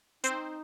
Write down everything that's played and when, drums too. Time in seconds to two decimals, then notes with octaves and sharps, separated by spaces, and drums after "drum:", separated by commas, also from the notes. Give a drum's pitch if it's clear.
0.24 C4 D#4 C5, drum: hi-hat